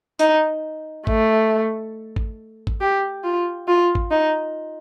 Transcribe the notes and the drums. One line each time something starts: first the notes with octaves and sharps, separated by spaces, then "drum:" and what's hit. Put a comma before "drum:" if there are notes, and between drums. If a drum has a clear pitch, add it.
D#4, drum: hi-hat
A3, drum: kick G#1
drum: kick G#1
drum: kick G#1
G4
F4
F4
drum: kick G#1
D#4